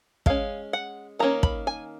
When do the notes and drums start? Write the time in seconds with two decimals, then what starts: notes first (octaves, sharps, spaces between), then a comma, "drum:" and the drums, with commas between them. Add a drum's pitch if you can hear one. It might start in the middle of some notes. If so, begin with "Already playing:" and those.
0.26 G#3 C#4 F5, drum: kick
0.73 F#5
1.19 D#3 A#3 C#4 A#5
1.43 B5, drum: kick
1.67 G#5